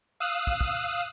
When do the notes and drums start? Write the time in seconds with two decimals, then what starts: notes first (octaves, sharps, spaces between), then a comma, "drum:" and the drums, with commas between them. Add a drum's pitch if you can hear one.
0.20 F5 D#6 E6 F#6
0.47 drum: kick
0.61 drum: kick